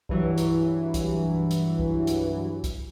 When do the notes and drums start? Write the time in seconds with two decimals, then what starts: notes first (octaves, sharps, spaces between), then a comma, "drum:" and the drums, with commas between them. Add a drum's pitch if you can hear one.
0.09 G2 E3 F#3, drum: kick C2
0.38 drum: hi-hat
0.94 drum: kick C2, hi-hat
1.51 drum: hi-hat
1.79 drum: kick C2
2.07 drum: hi-hat
2.64 drum: kick C2, hi-hat